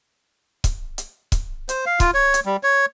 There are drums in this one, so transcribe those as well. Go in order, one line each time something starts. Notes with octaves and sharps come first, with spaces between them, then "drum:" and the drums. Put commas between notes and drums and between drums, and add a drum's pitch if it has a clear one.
drum: kick, hi-hat
drum: hi-hat
drum: kick, hi-hat
C5, drum: hi-hat
F5
F4, drum: kick, hi-hat
C#5
drum: hi-hat
G3
C#5